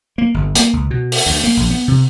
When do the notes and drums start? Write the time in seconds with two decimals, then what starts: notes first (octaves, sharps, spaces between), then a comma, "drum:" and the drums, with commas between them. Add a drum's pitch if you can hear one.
0.18 A#3
0.34 G1
0.55 A#3, drum: hi-hat
0.73 C#2
0.91 B2
1.12 drum: open hi-hat
1.26 D2
1.44 A#3
1.57 A#1
1.70 B3
1.88 C3